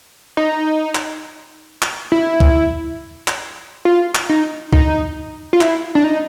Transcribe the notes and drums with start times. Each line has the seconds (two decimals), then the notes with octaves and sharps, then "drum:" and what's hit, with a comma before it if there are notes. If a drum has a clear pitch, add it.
0.37 D#4
0.95 drum: clap
1.82 drum: clap
2.12 E4
2.40 drum: kick
3.28 drum: clap
3.85 F4
4.15 drum: clap
4.29 D#4
4.73 D#4, drum: kick
5.53 F4
5.61 E4, drum: clap
5.95 D4
6.04 D#4